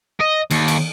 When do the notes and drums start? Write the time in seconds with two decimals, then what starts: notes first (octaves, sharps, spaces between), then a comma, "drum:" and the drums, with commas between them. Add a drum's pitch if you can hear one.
0.20 D#5
0.51 D#2, drum: cymbal
0.68 drum: cymbal